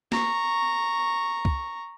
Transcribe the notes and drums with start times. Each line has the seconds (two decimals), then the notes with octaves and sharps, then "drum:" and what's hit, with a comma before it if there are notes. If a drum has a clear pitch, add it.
0.12 A#5 C#6, drum: snare
1.45 drum: kick C2